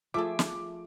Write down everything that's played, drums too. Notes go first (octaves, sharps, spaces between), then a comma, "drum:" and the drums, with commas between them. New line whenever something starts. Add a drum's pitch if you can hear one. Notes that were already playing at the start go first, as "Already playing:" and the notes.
F3 A3 F4 G#4 A4 E5 D6
drum: snare